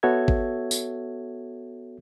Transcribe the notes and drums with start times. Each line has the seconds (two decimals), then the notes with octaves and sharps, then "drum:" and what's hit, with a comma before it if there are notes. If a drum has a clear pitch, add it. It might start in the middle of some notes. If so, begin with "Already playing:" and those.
0.03 B3 F#4 A4 C#5 E5 G#6
0.28 drum: kick
0.71 drum: tambourine